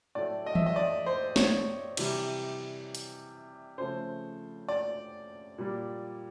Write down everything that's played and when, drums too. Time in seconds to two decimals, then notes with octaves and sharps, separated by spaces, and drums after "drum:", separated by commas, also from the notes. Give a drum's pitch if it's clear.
0.15 A2 F#3 A3 D5
0.46 D#5
0.55 E5, drum: tom E3
0.66 D#5
0.76 D5
1.06 C5
1.36 C#5, drum: snare
1.97 C3 E3 G3, drum: cymbal
2.95 drum: hi-hat
3.78 C#3 F3 A3 C5
4.69 D5
5.58 A#2 G3